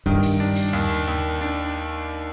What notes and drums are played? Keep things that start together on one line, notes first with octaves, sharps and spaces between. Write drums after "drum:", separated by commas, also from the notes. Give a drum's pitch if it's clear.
G2 D#3, drum: kick
drum: hi-hat
D4
drum: open hi-hat
D#2
D#2
D4